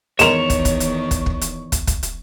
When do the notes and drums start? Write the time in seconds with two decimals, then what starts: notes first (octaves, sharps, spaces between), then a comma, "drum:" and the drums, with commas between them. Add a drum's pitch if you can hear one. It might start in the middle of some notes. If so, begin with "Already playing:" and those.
0.19 E2 D#3 G#3 A#4 C#5 E7 F7, drum: hi-hat
0.50 drum: kick, hi-hat
0.65 drum: kick, hi-hat
0.80 drum: hi-hat
1.11 drum: kick, hi-hat
1.26 drum: kick
1.41 drum: hi-hat
1.72 drum: kick, hi-hat
1.87 drum: kick, hi-hat
2.03 drum: hi-hat